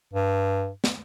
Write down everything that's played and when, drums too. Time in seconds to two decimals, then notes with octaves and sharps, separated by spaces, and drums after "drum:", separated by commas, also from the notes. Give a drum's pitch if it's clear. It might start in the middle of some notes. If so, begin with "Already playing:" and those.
0.13 G2
0.84 drum: snare